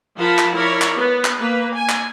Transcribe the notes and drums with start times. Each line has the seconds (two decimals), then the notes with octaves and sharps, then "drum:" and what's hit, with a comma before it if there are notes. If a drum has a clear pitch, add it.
0.17 F3 F4 A#4 F#5 A5 B5
0.39 drum: clap
0.54 E4 A#4 C#5 D5 B5
0.82 drum: clap
0.97 B3
1.25 drum: clap
1.38 A#3 B4
1.75 G#5
1.89 drum: clap